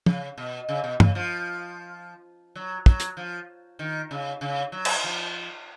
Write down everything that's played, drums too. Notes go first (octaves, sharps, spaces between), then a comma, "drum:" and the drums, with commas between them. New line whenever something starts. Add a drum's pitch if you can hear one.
C#3, drum: tom
B2
C#3
B2
C#3, drum: tom
F3
F#3
F#3, drum: kick
drum: hi-hat
F3
D#3
C#3
C#3
F#3
drum: cymbal
F3